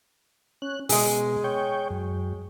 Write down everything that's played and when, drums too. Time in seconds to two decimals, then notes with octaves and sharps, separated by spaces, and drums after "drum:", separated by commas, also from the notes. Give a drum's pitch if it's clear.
0.62 C#4 F#6
0.89 B2 G#3 G#4, drum: open hi-hat
1.44 C#5 G5
1.90 F#2